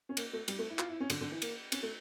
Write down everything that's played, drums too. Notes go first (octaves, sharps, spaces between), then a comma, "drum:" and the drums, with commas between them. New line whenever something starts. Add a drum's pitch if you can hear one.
C#4
A#3, drum: cymbal
A3
G3, drum: cymbal
A3
E4
F4, drum: clap
E4
C#4
D3, drum: cymbal
D3
E3
A#3, drum: cymbal
C#4, drum: cymbal
A3